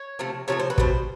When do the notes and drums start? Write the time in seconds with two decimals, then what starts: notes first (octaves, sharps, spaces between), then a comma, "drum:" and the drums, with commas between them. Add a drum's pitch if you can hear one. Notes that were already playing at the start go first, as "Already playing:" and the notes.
Already playing: C#5
0.19 C3 F3 A3
0.48 C3 F3 A3 C#5
0.59 C5
0.70 B4
0.78 B2 G3 C5, drum: kick